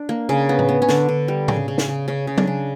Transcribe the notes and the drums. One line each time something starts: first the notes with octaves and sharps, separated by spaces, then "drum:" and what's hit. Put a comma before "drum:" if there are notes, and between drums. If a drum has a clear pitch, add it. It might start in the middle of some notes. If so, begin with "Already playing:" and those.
Already playing: D4
A#3
C#3
B3
drum: tom A2
B3
C#4
D3 D4, drum: snare
D3
G3
C#3, drum: tom A2
C#3
drum: snare
C#3
C#3 C#4
C#3
D4, drum: tom F#3
C#3